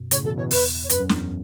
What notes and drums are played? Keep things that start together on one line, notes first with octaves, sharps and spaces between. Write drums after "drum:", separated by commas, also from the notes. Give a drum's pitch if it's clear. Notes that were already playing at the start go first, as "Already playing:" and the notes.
Already playing: F#2 B2
A2 C#3 C#5, drum: hi-hat
B2 E3 A4
B2 E3 C#5
E2 B4, drum: open hi-hat
C#5
F#2 B4, drum: hi-hat
F#2
E2, drum: snare